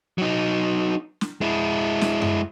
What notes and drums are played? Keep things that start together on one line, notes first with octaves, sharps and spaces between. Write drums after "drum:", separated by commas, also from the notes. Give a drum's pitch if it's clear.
F#3 D#4
drum: snare
G#3 E4
drum: snare
drum: tom F#2